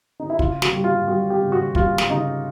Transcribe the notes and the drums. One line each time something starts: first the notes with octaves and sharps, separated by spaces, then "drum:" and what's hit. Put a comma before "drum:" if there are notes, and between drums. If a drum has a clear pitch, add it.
D#4
E4
C#3 F4, drum: kick
F#4, drum: snare
G3
F4
G3 F#4
G4
C#3
F#4
G3 F4, drum: kick
drum: snare
C#3 D#4